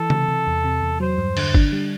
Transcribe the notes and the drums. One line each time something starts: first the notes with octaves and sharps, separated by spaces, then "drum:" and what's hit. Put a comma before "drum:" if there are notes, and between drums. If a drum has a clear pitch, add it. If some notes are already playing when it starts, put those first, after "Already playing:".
Already playing: E3 A4
C3, drum: tom C#3
C3
E2
C3
E2
F#3 C5
G2
D3, drum: cymbal
D4, drum: kick G1
G3